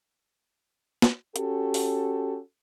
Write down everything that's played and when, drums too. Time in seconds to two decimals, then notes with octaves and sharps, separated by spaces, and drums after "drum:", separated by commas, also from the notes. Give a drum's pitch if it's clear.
1.02 drum: snare
1.36 C#4 F#4 G4 A4, drum: hi-hat
1.74 drum: open hi-hat